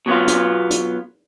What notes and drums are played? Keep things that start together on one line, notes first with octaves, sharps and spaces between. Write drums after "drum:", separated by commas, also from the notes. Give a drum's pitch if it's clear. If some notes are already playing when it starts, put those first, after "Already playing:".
B2 F#3 B3 F4
drum: hi-hat
drum: hi-hat